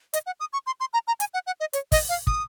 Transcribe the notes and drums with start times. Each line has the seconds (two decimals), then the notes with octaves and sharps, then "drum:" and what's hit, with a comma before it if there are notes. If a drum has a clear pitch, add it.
0.14 D#5, drum: hi-hat
0.26 F#5
0.40 D#6
0.53 C#6
0.66 C6
0.80 C6
0.93 A#5
1.07 A#5
1.20 G#5, drum: hi-hat
1.34 F#5
1.47 F#5
1.60 D#5
1.73 C#5, drum: hi-hat
1.92 D#5, drum: kick, open hi-hat
2.09 F5
2.27 D#6, drum: kick